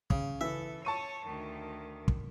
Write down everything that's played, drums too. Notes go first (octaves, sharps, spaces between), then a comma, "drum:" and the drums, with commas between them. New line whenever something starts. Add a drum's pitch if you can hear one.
C#3, drum: kick
E3 A4 E5
C#5 A5 C#6 D#7
D2 D#3
drum: kick